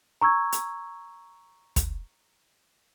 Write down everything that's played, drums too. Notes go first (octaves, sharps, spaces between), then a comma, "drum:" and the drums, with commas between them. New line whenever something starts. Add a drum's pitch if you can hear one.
A#5 C#6 E6 G#6
drum: hi-hat
drum: kick, hi-hat